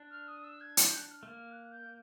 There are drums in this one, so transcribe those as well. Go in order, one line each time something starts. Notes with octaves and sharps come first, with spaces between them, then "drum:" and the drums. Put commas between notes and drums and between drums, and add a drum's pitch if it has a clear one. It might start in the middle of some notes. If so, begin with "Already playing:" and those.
Already playing: D4
F6
D#6
E6
G#6
G6, drum: hi-hat
F#6
F6
A3
A#3 F6
F#6
G6